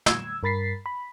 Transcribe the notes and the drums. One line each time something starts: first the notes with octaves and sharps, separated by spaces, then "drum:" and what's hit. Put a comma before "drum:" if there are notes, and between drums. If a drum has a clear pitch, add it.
E6 G#6, drum: snare
G2 A#4 B5 A6 B6 C7
B5